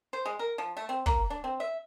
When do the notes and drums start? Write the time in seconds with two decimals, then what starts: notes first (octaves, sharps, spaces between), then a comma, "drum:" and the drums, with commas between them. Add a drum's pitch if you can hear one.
0.13 C5
0.26 G#3
0.39 A#4
0.58 F3
0.77 A3
0.89 C4
1.06 A#3, drum: kick
1.30 D4
1.44 C4
1.60 E5